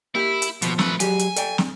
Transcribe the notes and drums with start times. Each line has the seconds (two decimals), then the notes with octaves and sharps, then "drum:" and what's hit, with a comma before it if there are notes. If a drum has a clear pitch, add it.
0.15 A#3 E4 G4
0.42 drum: hi-hat
0.62 D#2 G#2 B2 F3, drum: hi-hat
0.79 A3 B4, drum: snare
1.00 F#3 G4 G#4 G#5, drum: hi-hat
1.19 drum: hi-hat
1.36 A4 D5 G5, drum: hi-hat
1.58 drum: snare